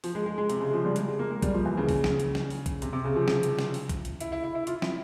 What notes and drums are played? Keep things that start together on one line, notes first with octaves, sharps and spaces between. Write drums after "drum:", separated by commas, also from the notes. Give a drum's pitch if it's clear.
F3, drum: open hi-hat
G#3
G#3
G#3
C3, drum: hi-hat
C#3
F3
G3
G#3, drum: hi-hat
G#3
A#3
G#3
G3, drum: kick B1, hi-hat
F3
E3
C#3
drum: kick B1, open hi-hat
drum: snare
drum: hi-hat
drum: snare
drum: open hi-hat
drum: kick B1, hi-hat
C3, drum: hi-hat
C3
C#3
F3
drum: snare
drum: hi-hat
drum: snare
drum: open hi-hat
drum: kick B1, hi-hat
drum: hi-hat
E4, drum: hi-hat
E4
E4
E4
F4, drum: hi-hat
E4, drum: snare